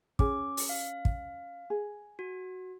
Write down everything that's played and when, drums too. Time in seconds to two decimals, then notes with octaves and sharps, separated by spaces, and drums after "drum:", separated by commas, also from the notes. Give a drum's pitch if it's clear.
0.19 C#4 G#4 D6, drum: kick
0.57 drum: open hi-hat
0.69 F5
1.05 drum: kick
1.70 G#4
2.19 F#4